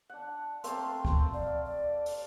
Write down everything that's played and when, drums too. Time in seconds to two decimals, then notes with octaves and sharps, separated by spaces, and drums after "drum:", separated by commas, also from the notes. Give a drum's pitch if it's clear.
0.09 D4 F#5
0.64 A3 A#3 C4 C6, drum: hi-hat
1.05 drum: kick
1.34 D5 F5
1.65 D5
2.06 drum: open hi-hat